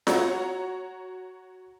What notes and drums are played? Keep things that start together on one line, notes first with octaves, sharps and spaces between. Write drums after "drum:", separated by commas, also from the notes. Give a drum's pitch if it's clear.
F#4 C#5 A#5, drum: snare F4